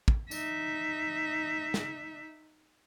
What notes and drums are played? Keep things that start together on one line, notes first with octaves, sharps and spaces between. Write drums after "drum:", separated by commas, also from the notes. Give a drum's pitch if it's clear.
drum: kick
D#4 E5, drum: tambourine
drum: snare